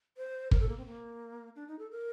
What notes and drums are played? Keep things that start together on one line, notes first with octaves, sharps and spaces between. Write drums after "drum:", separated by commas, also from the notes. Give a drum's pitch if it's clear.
C5
A#4, drum: kick
A4
A#3
C4
A#3
D4
D#4
A4
A#4